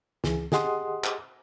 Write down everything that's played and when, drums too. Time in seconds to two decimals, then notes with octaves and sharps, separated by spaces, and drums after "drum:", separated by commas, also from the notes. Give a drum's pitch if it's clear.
0.24 C#2 E3 G#4, drum: snare
0.52 G4 G#4 D#5 F#5 C6 D#6, drum: snare
1.04 drum: clap